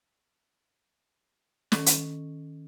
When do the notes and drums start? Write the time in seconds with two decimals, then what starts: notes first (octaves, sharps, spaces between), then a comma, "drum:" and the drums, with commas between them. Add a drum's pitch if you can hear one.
1.72 D#3 C#4 A4, drum: snare
1.86 drum: hi-hat